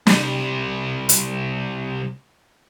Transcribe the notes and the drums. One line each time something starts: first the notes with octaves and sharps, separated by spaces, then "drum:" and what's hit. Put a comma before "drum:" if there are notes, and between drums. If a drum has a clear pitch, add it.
C2 C3, drum: snare
drum: hi-hat